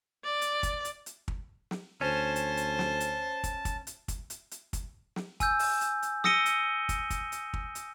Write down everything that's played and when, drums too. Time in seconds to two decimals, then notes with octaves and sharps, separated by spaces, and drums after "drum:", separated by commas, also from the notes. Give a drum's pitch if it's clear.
0.24 D5
0.41 drum: hi-hat
0.63 drum: kick, hi-hat
0.85 drum: hi-hat
1.06 drum: hi-hat
1.28 drum: kick
1.71 drum: snare
2.01 D2 C#4 C5 A5
2.36 drum: hi-hat
2.57 drum: hi-hat
2.79 drum: snare
3.00 drum: hi-hat
3.44 drum: kick, hi-hat
3.65 drum: kick, hi-hat
3.87 drum: hi-hat
4.08 drum: kick, hi-hat
4.30 drum: hi-hat
4.51 drum: hi-hat
4.73 drum: kick, hi-hat
5.16 drum: snare
5.40 G#5 E6 G6, drum: kick, hi-hat
5.59 drum: open hi-hat
5.81 drum: hi-hat
6.02 drum: hi-hat
6.24 D#6 E6 A#6 C#7 D#7 G7, drum: snare
6.46 drum: hi-hat
6.89 drum: kick, hi-hat
7.10 drum: kick, hi-hat
7.32 drum: hi-hat
7.54 drum: kick
7.75 drum: hi-hat